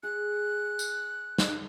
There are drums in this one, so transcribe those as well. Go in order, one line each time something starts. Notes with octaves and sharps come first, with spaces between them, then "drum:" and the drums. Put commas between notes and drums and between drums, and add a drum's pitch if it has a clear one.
G#4 F#6
drum: tambourine
drum: snare